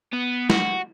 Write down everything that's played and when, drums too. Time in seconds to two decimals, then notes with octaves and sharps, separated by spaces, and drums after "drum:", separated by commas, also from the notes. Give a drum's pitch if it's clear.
0.13 B3
0.50 F#4, drum: snare